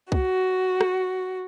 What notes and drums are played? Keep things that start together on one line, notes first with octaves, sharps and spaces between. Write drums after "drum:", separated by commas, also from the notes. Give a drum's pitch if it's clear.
F#4, drum: kick C2
drum: rim click